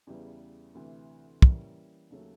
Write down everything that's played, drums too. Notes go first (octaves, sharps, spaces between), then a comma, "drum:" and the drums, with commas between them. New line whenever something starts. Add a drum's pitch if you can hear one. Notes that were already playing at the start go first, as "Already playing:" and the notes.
E2 C#3 E3 G3 B3
D2 C3 E3
E3 G3 A#3 C#4, drum: kick
D#2 C#3 F#3 A3 C#4